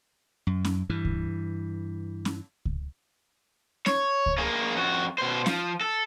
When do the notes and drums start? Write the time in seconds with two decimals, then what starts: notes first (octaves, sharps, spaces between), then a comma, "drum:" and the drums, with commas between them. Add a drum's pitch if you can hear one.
0.47 F#2
0.65 drum: snare C#4
0.90 G2 E3
1.05 drum: kick C#2
2.25 drum: snare C#4
2.65 drum: kick C#2
3.86 C#5, drum: snare C#4
4.26 drum: kick C#2
4.38 A#3 G#4
4.76 F2 F#4
5.18 B2 C5
5.46 F3, drum: snare C#4
5.81 A4